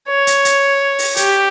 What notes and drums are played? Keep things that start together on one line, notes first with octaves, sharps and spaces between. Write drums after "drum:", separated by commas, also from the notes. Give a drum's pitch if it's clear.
C#5
drum: hi-hat
drum: hi-hat
drum: open hi-hat
G4, drum: hi-hat